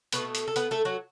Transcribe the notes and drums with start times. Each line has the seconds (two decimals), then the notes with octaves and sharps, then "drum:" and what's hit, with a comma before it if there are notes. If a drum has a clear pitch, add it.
0.12 B2 A3 B3 B4, drum: hi-hat
0.35 drum: hi-hat
0.48 A4
0.56 B3 B4, drum: hi-hat
0.71 A3 A4
0.85 F#3 F#4